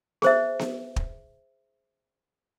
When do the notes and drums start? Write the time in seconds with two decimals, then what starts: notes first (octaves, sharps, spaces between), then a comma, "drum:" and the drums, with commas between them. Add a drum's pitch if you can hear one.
0.22 G#4 C5 E5, drum: snare B3
0.59 drum: snare B3
0.96 drum: kick